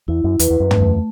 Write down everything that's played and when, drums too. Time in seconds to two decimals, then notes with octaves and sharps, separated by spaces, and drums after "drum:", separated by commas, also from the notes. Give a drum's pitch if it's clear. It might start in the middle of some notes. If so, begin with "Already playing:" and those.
0.08 E2 E4
0.24 F#2
0.39 E2 B4, drum: hi-hat
0.50 E2
0.60 F#2
0.71 A3, drum: tom
0.81 E2